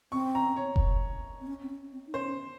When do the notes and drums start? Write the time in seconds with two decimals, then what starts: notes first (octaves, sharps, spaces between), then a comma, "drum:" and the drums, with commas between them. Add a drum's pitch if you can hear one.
0.12 C4 C#6
0.35 A#5
0.56 C#5
0.76 drum: kick F1
1.40 C4
1.47 C#4
1.62 C4
1.69 C#4
1.92 C4
2.07 D#4
2.14 C#4 C5